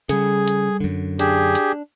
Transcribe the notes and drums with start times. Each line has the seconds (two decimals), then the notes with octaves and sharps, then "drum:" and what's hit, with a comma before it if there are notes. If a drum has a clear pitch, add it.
0.09 C#3 G3 G#4 A4, drum: hi-hat
0.48 drum: hi-hat
0.80 F#2 D3
1.19 D4 G4 G#4, drum: hi-hat
1.55 drum: hi-hat